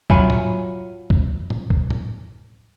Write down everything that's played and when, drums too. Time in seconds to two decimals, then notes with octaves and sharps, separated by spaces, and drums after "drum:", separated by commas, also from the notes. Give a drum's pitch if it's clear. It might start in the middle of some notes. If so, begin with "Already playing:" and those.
0.10 F#3 F4 C#5 E5 G#5 B5, drum: kick C#2
0.30 drum: tom A2
1.10 drum: kick C#2
1.50 drum: tom A2
1.70 drum: kick C#2
1.90 drum: tom A2